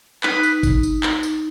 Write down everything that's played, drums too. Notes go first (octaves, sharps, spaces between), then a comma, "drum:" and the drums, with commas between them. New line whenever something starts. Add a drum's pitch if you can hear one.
D#4 B4, drum: clap
drum: tambourine
drum: kick G1, tambourine
drum: tambourine
drum: clap
drum: tambourine